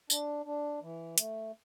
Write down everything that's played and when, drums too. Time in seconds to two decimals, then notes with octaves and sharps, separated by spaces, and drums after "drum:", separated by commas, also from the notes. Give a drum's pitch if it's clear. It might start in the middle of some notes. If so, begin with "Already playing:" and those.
0.10 D4, drum: tambourine
0.46 D4
0.82 E3
1.18 A3, drum: hi-hat